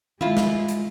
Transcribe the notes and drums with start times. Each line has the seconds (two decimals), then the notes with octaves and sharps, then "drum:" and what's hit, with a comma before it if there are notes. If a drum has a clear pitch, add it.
0.21 G#3 E4 F4, drum: tom D#3
0.37 drum: snare
0.68 drum: hi-hat